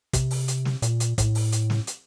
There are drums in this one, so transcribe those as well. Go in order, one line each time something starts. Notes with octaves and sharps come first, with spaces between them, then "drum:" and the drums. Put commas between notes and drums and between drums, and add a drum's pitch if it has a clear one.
C3, drum: kick, hi-hat
drum: open hi-hat
drum: hi-hat
drum: snare
A#2, drum: hi-hat
drum: hi-hat
A2, drum: kick, hi-hat
drum: open hi-hat
drum: hi-hat
drum: snare
drum: hi-hat